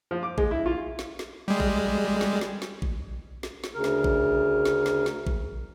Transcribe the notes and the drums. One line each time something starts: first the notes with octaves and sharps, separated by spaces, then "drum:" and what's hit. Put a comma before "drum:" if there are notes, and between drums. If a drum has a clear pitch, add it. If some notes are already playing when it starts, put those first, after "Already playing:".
F3
D6
G#3, drum: kick A1
E4
F4
drum: snare
drum: snare
G3 G#3
drum: kick A1
drum: snare
drum: snare
drum: snare
drum: kick A1
drum: snare
drum: snare
D2 C#3 A#4
drum: snare
drum: kick A1
drum: snare
drum: snare
drum: snare
drum: kick A1